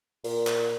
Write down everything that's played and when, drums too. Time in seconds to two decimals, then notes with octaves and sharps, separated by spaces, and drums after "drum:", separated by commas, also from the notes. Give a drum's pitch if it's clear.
0.24 A#2, drum: open hi-hat
0.47 drum: clap